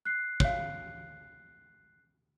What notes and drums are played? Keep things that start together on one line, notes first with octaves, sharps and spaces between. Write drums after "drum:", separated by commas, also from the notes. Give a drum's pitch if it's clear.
F#6 C7
C#5 F5, drum: kick